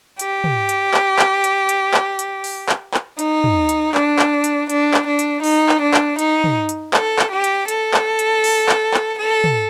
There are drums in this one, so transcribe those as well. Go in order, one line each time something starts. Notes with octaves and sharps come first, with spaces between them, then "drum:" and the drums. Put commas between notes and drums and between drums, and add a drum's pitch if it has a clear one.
G4, drum: hi-hat
drum: tom
drum: hi-hat
drum: clap
drum: clap
drum: hi-hat
drum: hi-hat
drum: clap
drum: hi-hat
drum: open hi-hat
drum: clap
drum: clap
D#4, drum: hi-hat
drum: tom
drum: hi-hat
D4, drum: clap
drum: clap
drum: hi-hat
D4, drum: hi-hat
drum: clap
D4
drum: hi-hat
D#4, drum: open hi-hat
drum: clap
D4
drum: clap
D#4, drum: hi-hat
drum: tom
drum: hi-hat
A4, drum: clap
drum: clap
G4
drum: hi-hat
A4, drum: hi-hat
drum: clap
drum: hi-hat
drum: open hi-hat
drum: clap
drum: clap
A4
drum: tom